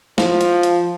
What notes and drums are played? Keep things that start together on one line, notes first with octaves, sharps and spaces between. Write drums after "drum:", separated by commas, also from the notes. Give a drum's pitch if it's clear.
F3, drum: snare
drum: hi-hat
drum: hi-hat